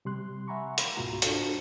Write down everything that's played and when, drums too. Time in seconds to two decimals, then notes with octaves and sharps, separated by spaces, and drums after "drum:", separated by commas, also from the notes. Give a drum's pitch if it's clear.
0.05 C3 G3 C6 F#6
0.48 E5 F#5 G#5 A#5 B5 C#6
0.78 F5 B5 C6, drum: hi-hat
0.97 C#2 G#2 B2 F4 F#4 A#5
1.22 D4 F4 F#4 A4 C5 F5, drum: hi-hat